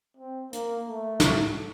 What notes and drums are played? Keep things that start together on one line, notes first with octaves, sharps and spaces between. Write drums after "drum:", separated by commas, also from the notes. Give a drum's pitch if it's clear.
C4
A#3, drum: hi-hat
A3
drum: snare